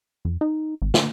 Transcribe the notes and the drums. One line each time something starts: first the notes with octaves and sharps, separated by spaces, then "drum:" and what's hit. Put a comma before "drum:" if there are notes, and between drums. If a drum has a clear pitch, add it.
F2
D#4
G#1
D3, drum: snare